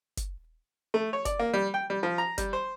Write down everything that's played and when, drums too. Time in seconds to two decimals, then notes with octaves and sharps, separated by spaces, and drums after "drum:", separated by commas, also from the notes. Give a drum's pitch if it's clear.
0.17 drum: kick, hi-hat
0.94 A3
1.13 C#5
1.25 D5, drum: kick, hi-hat
1.39 A#3
1.54 G3
1.74 G5
1.90 G3
2.03 F3
2.18 A#5
2.38 G3, drum: kick, hi-hat
2.53 C5